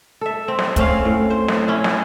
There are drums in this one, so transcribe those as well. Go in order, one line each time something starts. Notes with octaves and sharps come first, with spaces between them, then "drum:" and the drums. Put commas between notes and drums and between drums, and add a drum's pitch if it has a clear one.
A4 E5
C4
drum: snare
A3 C4 C#4 F5, drum: kick, hi-hat
A2
C5
drum: snare
C#4 E4
drum: snare